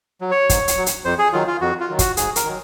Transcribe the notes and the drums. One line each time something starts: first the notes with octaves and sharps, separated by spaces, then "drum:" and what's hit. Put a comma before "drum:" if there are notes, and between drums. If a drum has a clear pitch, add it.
F#3
C#5
G#2, drum: kick, hi-hat
drum: hi-hat
F#3
drum: hi-hat
F2 C5
G#4
D#3 F#3 F4
F4
F2 F#4
F4
D#3 F#3
F#4, drum: kick, hi-hat
G#2 G#4, drum: hi-hat
A#4, drum: hi-hat
D#3 F#3